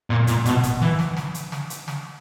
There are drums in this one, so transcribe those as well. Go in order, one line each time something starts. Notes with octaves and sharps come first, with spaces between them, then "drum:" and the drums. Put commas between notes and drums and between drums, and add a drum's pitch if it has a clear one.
A#2
A#2, drum: hi-hat
B2, drum: hi-hat
drum: kick, hi-hat
E3
drum: snare
drum: snare
drum: hi-hat
drum: snare
drum: hi-hat
drum: snare